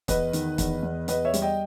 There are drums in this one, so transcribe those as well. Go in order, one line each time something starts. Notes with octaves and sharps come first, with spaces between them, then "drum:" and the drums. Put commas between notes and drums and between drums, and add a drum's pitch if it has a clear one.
E2 B4 D#5, drum: kick, hi-hat
D#3, drum: hi-hat
E2, drum: kick, hi-hat
E2
E2 B4 D#5, drum: hi-hat
C#5 E5
G3, drum: hi-hat
D#5 G5